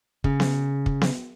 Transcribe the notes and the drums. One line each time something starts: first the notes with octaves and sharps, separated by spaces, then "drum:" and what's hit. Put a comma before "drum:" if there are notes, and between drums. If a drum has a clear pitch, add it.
C#3, drum: kick
drum: snare B3
drum: kick
drum: snare B3